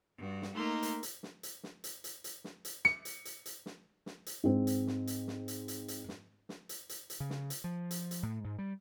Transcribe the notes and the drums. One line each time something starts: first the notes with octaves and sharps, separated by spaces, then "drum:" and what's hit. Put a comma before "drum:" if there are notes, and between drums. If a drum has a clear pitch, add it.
G2 F#4
drum: snare
A3 A#3 D#4 A#4 C6
drum: hi-hat
drum: hi-hat
drum: snare
drum: hi-hat
drum: snare
drum: hi-hat
drum: hi-hat
drum: hi-hat
drum: snare
drum: hi-hat
C#7, drum: snare
drum: hi-hat
drum: hi-hat
drum: hi-hat
drum: snare
drum: snare
drum: hi-hat
G#2 C4
drum: hi-hat
drum: snare
drum: hi-hat
drum: snare
drum: hi-hat
drum: hi-hat
drum: hi-hat
drum: snare
drum: snare
drum: hi-hat
drum: hi-hat
drum: hi-hat
C#3
drum: snare
drum: hi-hat
F3
drum: hi-hat
drum: hi-hat
A2
G#2
G3